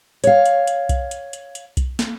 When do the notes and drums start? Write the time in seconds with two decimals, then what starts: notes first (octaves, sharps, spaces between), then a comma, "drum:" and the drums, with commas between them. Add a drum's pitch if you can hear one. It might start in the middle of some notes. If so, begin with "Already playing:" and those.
0.24 C#5 F5, drum: hi-hat
0.46 drum: hi-hat
0.67 drum: hi-hat
0.89 drum: kick B1, hi-hat
1.11 drum: hi-hat
1.33 drum: hi-hat
1.55 drum: hi-hat
1.77 drum: kick B1, hi-hat
1.99 drum: snare